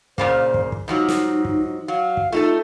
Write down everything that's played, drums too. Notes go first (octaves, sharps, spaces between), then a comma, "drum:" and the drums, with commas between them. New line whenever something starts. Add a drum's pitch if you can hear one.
A#2 C#3 A#3 C5, drum: kick
drum: kick
drum: kick
G#2 F3 F#3 D#4
drum: snare
drum: kick
F#3 F5
drum: kick
A3 D#4 F4 A4